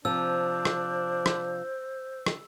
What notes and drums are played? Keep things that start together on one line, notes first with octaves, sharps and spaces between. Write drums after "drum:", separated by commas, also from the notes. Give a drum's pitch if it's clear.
C3 F3 D4 C5 E6
drum: rim click
drum: rim click
drum: rim click